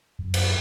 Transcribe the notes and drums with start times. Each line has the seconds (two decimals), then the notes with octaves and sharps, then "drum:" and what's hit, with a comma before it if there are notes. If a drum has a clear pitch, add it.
0.19 F#2
0.34 drum: cymbal